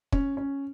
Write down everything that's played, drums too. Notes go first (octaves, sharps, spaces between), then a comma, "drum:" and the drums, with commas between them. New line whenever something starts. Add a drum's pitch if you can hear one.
C#4, drum: kick
C#4